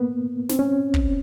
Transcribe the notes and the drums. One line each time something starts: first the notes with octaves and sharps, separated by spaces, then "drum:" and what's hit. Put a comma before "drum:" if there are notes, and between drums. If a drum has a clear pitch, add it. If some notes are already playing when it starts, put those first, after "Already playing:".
Already playing: A#3 B3
C4, drum: snare
C#4
drum: kick